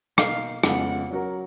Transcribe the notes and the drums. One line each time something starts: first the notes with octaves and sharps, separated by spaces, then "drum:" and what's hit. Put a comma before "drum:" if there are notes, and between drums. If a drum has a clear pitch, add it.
B2 A#3 D#4 F5, drum: rim click
F2 C#3 G#3 B3 F4 F#5, drum: rim click
F#3 C#4 F#4 A#4